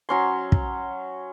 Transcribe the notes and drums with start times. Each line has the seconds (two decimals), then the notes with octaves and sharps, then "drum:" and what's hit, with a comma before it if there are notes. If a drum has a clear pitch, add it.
0.09 F#3 C#4 C6
0.52 drum: kick